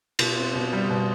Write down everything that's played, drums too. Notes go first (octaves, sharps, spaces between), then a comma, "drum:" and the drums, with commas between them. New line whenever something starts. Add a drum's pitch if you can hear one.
B2, drum: cymbal
C4
B2
G3
B2